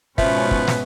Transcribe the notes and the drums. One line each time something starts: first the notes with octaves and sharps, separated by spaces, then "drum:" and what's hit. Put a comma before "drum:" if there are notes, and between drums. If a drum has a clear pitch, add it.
G#2 B2 F3 B3 C#4 B4 E5, drum: kick
drum: kick
drum: snare